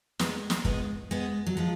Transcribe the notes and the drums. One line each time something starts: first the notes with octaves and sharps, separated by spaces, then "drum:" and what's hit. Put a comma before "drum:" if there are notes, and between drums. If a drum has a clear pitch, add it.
G#3 B3, drum: snare
drum: snare
G#3 B3, drum: kick
G#3 B3
F#3
F3 G#3